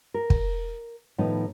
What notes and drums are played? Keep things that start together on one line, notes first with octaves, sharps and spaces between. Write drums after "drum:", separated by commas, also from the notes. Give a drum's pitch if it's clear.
A#4
drum: kick
A2 D#3 F3 B3 D#4